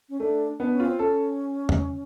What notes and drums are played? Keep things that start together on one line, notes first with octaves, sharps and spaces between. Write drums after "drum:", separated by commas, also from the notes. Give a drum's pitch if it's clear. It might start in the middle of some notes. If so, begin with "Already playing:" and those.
C#4
A3 D4
B3 D4
C#4
F4
C4
C#4 A4
drum: tom E2